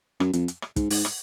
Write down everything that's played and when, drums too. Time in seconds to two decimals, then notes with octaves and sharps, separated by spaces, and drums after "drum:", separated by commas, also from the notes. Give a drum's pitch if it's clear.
0.20 F#2, drum: rim click
0.33 F2, drum: hi-hat
0.48 drum: hi-hat
0.62 drum: rim click
0.76 G#2, drum: kick, hi-hat
0.90 G#2, drum: open hi-hat
1.05 drum: rim click